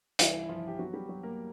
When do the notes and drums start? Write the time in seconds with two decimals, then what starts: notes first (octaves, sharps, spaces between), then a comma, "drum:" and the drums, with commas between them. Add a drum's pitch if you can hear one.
0.19 C2 E3 E4, drum: hi-hat
0.43 E4
0.49 F3 F4
0.67 G4
0.79 F#3 B3 F#4
0.94 G3 G4
1.09 F#3
1.23 A#3 A#4